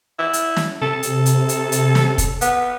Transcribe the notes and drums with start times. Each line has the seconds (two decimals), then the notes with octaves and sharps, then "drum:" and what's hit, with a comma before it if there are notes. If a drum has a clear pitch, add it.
0.18 E4
0.33 drum: hi-hat
0.56 drum: snare
0.81 C3 A4
1.03 drum: hi-hat
1.26 drum: hi-hat
1.49 drum: hi-hat
1.72 drum: hi-hat
1.95 drum: snare
2.18 drum: kick, hi-hat
2.41 B3, drum: hi-hat